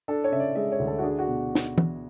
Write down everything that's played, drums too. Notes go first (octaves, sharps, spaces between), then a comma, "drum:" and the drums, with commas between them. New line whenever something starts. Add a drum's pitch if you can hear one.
D4 A4
C#5
C#3 E5
D5
G#3 E5
C#5
D2
A4
F#4
D4 G#4
F#4
B2
drum: snare
drum: tom